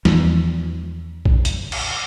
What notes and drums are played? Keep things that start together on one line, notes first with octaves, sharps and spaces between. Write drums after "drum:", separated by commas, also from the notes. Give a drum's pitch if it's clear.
E2 F3, drum: snare
drum: kick A#1
drum: hi-hat
drum: cymbal